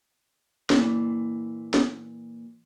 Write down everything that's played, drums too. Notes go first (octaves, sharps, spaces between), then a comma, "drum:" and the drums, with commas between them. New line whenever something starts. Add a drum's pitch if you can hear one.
A#2 E3, drum: snare
drum: snare